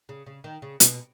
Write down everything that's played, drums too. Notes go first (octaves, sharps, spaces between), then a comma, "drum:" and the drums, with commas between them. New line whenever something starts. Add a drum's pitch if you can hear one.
C#3
C#3
D#3
C#3
B2, drum: hi-hat